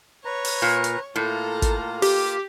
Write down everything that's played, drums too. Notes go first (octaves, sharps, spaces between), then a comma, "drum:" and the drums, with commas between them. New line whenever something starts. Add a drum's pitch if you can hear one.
B4 C#5 A#5
drum: open hi-hat
A#2
drum: hi-hat
A2 A#3 F4 A4 A#5
drum: kick, hi-hat
G4, drum: open hi-hat